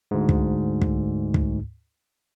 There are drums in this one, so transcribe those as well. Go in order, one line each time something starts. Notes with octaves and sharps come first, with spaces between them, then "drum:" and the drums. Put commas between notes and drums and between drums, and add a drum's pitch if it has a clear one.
D2 G#2
drum: kick
drum: kick
drum: kick